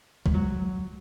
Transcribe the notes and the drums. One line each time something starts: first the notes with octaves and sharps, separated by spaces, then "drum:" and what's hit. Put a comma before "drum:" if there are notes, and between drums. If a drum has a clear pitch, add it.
G#3, drum: kick
F#3